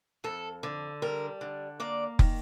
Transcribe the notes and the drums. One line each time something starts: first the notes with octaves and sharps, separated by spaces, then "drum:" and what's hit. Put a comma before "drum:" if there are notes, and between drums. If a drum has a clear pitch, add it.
F2 A4
D3
G3 A#4
D3
A#3 D5
D#3, drum: kick